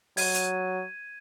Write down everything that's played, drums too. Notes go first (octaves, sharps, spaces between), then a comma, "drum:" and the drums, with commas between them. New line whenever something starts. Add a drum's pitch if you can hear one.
F#3 G#6 D#7, drum: open hi-hat
drum: hi-hat